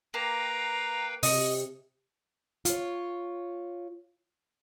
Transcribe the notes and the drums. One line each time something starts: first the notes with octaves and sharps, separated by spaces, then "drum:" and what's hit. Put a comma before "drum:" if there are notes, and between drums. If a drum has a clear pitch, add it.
A#3 B4 F5 G5 A#5
C3 D#5, drum: open hi-hat
F4 C#5, drum: hi-hat